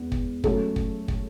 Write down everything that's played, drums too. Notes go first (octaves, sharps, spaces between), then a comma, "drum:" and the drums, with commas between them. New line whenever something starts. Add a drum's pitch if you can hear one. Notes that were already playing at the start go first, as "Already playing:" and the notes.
Already playing: E2 B3
drum: kick
F#3 A3 C#4 F#4 A4, drum: kick
drum: kick
drum: kick